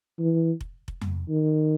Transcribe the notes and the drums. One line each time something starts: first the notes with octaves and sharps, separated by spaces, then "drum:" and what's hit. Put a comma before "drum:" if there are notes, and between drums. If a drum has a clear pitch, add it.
E3
drum: kick F1
drum: kick F1
drum: tom F2
D#3